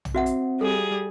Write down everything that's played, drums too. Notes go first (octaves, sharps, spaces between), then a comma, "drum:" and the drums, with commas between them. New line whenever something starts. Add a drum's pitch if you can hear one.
drum: tom
C4 F#4 E5 F#5
drum: hi-hat
G3 G#4 A4